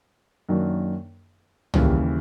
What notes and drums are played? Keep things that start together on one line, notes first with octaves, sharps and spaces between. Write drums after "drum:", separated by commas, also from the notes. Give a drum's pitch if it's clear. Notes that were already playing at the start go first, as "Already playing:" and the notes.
F#2 D#3 F#3 A#3 D4
D#2 C#3 E3 G3 A#3, drum: tom C2